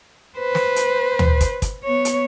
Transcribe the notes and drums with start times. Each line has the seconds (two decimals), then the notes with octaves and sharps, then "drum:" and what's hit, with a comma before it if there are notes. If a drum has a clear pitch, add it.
0.38 B4 C5
0.55 drum: snare
0.76 drum: hi-hat
1.19 drum: tom
1.41 drum: kick, hi-hat
1.62 drum: kick, hi-hat
1.83 B3 C#5
2.05 drum: hi-hat